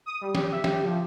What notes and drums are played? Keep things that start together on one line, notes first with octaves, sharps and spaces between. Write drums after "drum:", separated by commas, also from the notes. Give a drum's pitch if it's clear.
D#6
G3
G4, drum: snare
E5
G4, drum: snare
F3